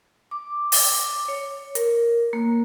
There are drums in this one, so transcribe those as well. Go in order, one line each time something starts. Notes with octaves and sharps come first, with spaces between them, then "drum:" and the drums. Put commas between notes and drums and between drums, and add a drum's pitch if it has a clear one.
D6
drum: open hi-hat
C#5
A#4, drum: hi-hat
A#3